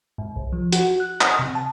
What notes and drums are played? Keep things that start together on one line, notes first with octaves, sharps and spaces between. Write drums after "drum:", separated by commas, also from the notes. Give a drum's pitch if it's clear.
G#2
C2
F3
F#4, drum: hi-hat
F#6
D#6, drum: clap
C3
A5